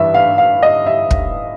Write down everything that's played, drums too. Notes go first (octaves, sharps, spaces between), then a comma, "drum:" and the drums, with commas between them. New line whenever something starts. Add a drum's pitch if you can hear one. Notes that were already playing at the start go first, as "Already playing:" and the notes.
Already playing: G2 E3 E5
F5
F5
D#5
E5
drum: kick